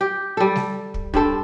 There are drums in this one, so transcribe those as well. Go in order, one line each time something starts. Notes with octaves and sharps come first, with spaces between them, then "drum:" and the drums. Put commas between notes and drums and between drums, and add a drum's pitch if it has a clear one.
G4
G3 A4
drum: snare G3
drum: kick
G2 C4 A4, drum: kick